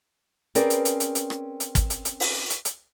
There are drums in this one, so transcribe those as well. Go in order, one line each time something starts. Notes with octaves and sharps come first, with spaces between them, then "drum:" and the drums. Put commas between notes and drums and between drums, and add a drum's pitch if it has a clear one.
C4 C#4 G#4 A#4 B4 D5, drum: hi-hat
drum: hi-hat
drum: hi-hat
drum: hi-hat
drum: hi-hat
drum: rim click
drum: hi-hat
drum: kick, hi-hat
drum: hi-hat
drum: hi-hat
drum: open hi-hat
drum: hi-hat
drum: hi-hat